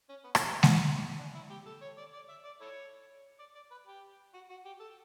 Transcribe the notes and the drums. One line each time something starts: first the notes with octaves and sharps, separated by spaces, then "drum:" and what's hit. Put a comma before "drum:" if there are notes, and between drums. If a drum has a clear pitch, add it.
C#4
B3
A3, drum: rim click
B3
drum: snare G#3
D4
E4
G4
A4
C#5
D5
D5
E5
D5
E4 A4 C#5
D5
D5
B4
G4
F#4
F#4
G4
A4